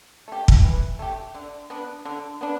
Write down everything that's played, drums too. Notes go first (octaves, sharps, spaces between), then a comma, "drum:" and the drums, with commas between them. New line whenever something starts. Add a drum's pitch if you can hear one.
A3 G4
drum: kick
E3
A3 G4
D3
B3 D4
D3
B3 D4